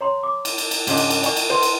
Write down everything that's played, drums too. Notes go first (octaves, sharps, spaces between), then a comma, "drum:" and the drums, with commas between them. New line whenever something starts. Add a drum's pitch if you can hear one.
C#5 A#5 C6
D6
drum: cymbal
drum: cymbal
drum: cymbal
G#2 C#3 D4, drum: cymbal
drum: cymbal
drum: cymbal
D5 G#5 C#6, drum: cymbal
drum: cymbal
B4 C5 C6
drum: cymbal